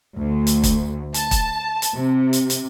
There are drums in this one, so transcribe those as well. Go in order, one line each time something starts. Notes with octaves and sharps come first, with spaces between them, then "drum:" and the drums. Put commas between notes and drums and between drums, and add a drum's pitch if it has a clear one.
D2
drum: hi-hat
drum: kick, hi-hat
A5, drum: hi-hat
drum: kick, hi-hat
drum: hi-hat
C3
drum: hi-hat
drum: hi-hat